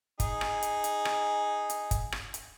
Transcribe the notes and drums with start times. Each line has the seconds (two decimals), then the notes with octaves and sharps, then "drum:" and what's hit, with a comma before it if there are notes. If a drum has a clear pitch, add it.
0.20 D#4 G#4, drum: kick, hi-hat
0.41 drum: rim click
0.63 drum: hi-hat
0.84 drum: hi-hat
1.05 drum: rim click
1.70 drum: hi-hat
1.91 drum: kick, hi-hat
2.12 drum: rim click
2.34 drum: hi-hat